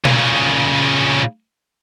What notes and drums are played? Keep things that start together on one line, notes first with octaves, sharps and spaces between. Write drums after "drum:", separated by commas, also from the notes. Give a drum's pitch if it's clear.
A#2 C#3, drum: tom B2